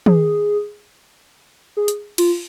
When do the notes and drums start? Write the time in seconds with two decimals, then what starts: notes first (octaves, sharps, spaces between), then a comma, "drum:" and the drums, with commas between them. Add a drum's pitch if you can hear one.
0.06 G#4, drum: tom
1.77 G#4
1.88 drum: hi-hat
2.18 F4, drum: cymbal